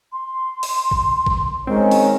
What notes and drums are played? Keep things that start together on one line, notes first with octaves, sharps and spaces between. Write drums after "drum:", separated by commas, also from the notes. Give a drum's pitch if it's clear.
C6
drum: open hi-hat
drum: kick G#1
drum: kick G#1
D#3 G#3 C4 C#4
drum: open hi-hat